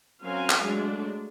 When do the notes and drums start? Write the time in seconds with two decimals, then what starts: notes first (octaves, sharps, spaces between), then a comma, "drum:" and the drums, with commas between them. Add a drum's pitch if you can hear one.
0.23 F#3 C4 C#4 A#4 F5 G#5
0.50 drum: clap
0.61 F#3 G#3 A3 D4